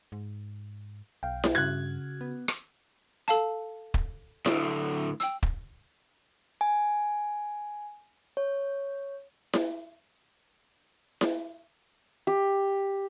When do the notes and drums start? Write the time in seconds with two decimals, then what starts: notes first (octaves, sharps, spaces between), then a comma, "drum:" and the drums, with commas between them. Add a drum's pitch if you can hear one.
0.12 G#2
1.23 B1 F5 G5
1.44 drum: snare E4
1.55 G2 C#3 F#4 F#6 G#6
2.21 B3
2.48 drum: rim click
3.28 A4 F5 A5, drum: hi-hat
3.94 drum: kick
4.46 D2 A2, drum: snare E4
5.20 G5 E6, drum: hi-hat
5.43 drum: kick
6.61 G#5
8.37 C#5
9.53 drum: snare E4
11.21 drum: snare E4
12.27 G4